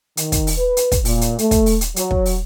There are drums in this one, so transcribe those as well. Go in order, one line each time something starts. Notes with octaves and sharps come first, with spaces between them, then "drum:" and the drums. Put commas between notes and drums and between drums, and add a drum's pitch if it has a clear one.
D#3, drum: hi-hat
drum: kick, hi-hat
drum: open hi-hat
B4
drum: hi-hat
drum: kick, hi-hat
A#2, drum: open hi-hat
drum: hi-hat
A3, drum: hi-hat
drum: kick, hi-hat
drum: open hi-hat
drum: hi-hat
F#3, drum: hi-hat
drum: kick
drum: open hi-hat